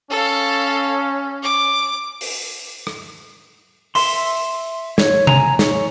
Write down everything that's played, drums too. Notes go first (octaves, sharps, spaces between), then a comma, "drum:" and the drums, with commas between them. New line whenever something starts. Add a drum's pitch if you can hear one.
C#4 A4 F5
D6
drum: open hi-hat
drum: rim click
E5 C6, drum: open hi-hat
C#5, drum: snare
G#5 A#5, drum: tom C3
C#5, drum: snare